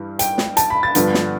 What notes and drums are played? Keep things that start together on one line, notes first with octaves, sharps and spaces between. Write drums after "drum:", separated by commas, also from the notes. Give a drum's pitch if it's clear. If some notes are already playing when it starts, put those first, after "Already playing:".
Already playing: G2 E3 G3
G5, drum: hi-hat
drum: snare
A5, drum: hi-hat
B5
A6
G2 D3 F3 B3, drum: hi-hat
drum: snare